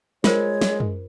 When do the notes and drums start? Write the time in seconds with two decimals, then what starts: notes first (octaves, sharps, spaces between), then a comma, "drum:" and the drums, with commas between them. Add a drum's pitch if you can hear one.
0.24 G#3 F4 A#4 C5 C#5, drum: snare
0.61 drum: snare
0.80 drum: tom F#2